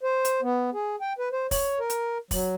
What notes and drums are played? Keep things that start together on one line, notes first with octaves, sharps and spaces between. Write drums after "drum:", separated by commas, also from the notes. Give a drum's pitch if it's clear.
C5
drum: hi-hat
B3
G#4
G5
B4
C5
C#5, drum: kick, open hi-hat
A#4
drum: hi-hat
F#3, drum: kick, open hi-hat